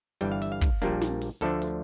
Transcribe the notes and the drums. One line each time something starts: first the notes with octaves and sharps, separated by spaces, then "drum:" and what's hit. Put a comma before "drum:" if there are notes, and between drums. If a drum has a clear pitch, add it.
G1 G2 E3 G3 G5, drum: hi-hat
F5
E5, drum: hi-hat
F5
drum: kick, hi-hat
A#1 A#2 G3 A#3 D4, drum: hi-hat
drum: snare
drum: open hi-hat
D2 D3 F3 A3 D4 A4, drum: hi-hat
drum: hi-hat